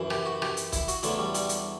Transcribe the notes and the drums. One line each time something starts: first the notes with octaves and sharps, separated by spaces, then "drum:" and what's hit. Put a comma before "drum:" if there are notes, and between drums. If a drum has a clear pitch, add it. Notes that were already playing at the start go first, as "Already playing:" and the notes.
Already playing: F#2 E3
G4, drum: rim click
F#4
G4, drum: rim click
drum: hi-hat
E4, drum: kick, hi-hat
F#4, drum: hi-hat
E2 D3 F#3 A3, drum: hi-hat
G3
G3, drum: hi-hat
drum: hi-hat